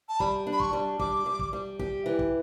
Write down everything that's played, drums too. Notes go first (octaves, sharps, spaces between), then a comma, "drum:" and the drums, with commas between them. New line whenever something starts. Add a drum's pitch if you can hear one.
A5
G3 B5, drum: kick
D4
B5
C#6, drum: kick
G3
G3 D6, drum: kick
G3
drum: kick
G3
G4, drum: kick
E3
drum: kick